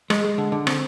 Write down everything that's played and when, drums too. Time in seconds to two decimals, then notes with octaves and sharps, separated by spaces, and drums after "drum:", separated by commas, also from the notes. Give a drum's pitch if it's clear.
0.10 G#3, drum: rim click
0.24 G#3
0.38 D3
0.52 D3
0.67 C4, drum: rim click